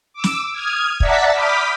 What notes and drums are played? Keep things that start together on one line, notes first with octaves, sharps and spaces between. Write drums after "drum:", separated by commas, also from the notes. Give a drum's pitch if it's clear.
D6 E6
drum: snare
D#6 F6 G#6
D5 E5 F#5 A5 A#5 B6, drum: kick
B5 D6 D#6 F6 G6 B6